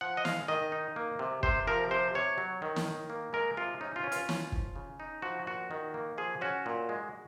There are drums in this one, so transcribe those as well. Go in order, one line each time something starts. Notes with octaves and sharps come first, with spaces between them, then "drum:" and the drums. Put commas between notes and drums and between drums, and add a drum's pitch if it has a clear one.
F3 F#5
D#5
G#3 F5, drum: snare
D#3 D#5
D#4
A#3
C3
C3 C5, drum: kick
F3 A#4
C3 C5
C3 C#5
F#3
D#3
drum: snare
D#3
A#3
G#3 A#4
C3 F4
C#4 D#4
F4
C#4
F4, drum: hi-hat
C#4, drum: snare
F3, drum: kick
C#3
D#4
F3 F#4
A#2 F#4
D#3
A#3
F3 G#4
C#4 F#4
A#2
G#3